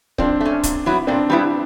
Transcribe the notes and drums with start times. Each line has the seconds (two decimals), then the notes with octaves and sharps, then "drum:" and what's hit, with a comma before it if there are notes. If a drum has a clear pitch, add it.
0.18 F3 C4 D4, drum: kick C#1
0.41 A3 C#4
0.63 A#2, drum: kick C#1, hi-hat
0.86 F#3 B3 E4
1.07 A#2 C4 D4
1.30 G3 B3 E4